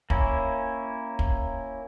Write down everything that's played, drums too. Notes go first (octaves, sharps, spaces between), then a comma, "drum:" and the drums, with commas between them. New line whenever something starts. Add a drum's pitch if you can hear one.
A#3 C#4 E4, drum: kick
drum: kick